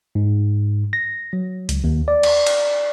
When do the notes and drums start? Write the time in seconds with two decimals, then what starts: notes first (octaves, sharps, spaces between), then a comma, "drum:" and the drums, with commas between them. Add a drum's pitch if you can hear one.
0.15 G#2
0.93 A#6
1.33 F#3
1.69 C#2, drum: hi-hat
1.84 D#2
2.08 D5
2.23 drum: cymbal
2.47 drum: cymbal